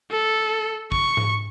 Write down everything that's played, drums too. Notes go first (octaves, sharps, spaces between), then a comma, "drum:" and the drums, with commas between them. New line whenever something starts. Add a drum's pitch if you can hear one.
A4
C#6, drum: kick
drum: tom G#2